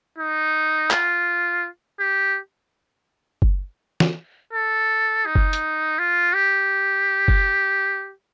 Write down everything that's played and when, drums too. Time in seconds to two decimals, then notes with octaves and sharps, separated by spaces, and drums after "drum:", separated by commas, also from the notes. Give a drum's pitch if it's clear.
0.18 D#4
0.91 F4, drum: clap
2.00 G4
3.42 drum: kick F#1
4.00 drum: snare
4.53 A4
5.26 D#4
5.35 drum: kick F#1
5.53 drum: hi-hat
5.99 F4
6.34 G4
7.28 drum: kick F#1